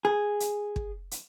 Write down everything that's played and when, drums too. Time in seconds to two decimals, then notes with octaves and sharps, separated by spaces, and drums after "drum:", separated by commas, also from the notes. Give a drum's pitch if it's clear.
0.05 G#4
0.40 drum: hi-hat
0.76 drum: kick
1.11 drum: hi-hat